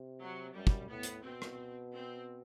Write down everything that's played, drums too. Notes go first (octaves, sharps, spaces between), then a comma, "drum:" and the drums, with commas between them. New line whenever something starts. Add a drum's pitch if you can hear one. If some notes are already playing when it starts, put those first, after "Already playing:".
Already playing: C3
F#3
F#2 G3
drum: kick
A2 B3
drum: hi-hat
B2 C4
drum: rim click
C4